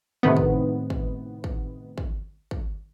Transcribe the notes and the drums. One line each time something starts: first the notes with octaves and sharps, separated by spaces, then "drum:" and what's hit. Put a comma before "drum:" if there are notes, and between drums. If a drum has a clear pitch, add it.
A2 C3 D#3 B3
drum: kick
drum: kick
drum: kick
drum: kick
drum: kick